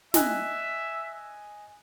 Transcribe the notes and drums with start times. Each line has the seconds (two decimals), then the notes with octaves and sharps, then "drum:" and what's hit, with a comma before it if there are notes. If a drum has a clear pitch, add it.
0.14 D#5 E5 G#5 F#6, drum: snare